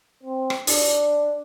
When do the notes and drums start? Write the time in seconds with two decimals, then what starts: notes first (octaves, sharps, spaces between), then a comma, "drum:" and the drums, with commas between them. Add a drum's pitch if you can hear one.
0.23 C4
0.50 drum: rim click
0.67 D4, drum: open hi-hat